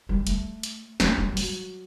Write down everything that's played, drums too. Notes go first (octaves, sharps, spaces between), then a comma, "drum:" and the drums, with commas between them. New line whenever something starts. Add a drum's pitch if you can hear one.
G3
A3, drum: hi-hat
drum: hi-hat
A3, drum: snare
G3
G3
F#3, drum: open hi-hat